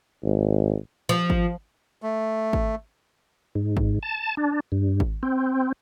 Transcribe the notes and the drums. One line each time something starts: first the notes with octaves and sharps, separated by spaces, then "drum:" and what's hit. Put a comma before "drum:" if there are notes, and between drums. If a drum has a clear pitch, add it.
G#1
F3
drum: kick G#1
A3
drum: kick G#1
G#2
drum: kick G#1
A5
D4
G2
drum: kick G#1
C4